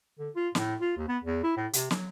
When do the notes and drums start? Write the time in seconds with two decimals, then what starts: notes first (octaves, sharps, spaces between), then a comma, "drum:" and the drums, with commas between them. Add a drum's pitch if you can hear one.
0.19 D3
0.36 F4
0.55 A2, drum: snare
0.81 F4
0.97 D#2
1.08 B3
1.24 E2
1.43 E4
1.57 A2
1.73 C3, drum: hi-hat
1.91 F#3, drum: snare